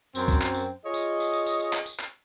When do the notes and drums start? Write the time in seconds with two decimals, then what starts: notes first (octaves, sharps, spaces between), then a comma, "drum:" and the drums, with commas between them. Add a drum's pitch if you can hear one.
0.15 F#2 C4, drum: tambourine
0.28 drum: kick, tambourine
0.41 drum: clap
0.54 drum: tambourine
0.85 F4 G#4 C#5 D#5
0.94 drum: tambourine
1.20 drum: tambourine
1.33 drum: tambourine
1.47 drum: tambourine
1.60 drum: tambourine
1.73 drum: clap
1.86 drum: tambourine
1.99 drum: clap